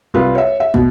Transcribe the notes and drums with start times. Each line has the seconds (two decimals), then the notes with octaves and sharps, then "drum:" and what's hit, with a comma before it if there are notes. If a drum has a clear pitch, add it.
0.14 C2 F4 B4
0.35 C#5 E5
0.60 E5
0.74 B2, drum: kick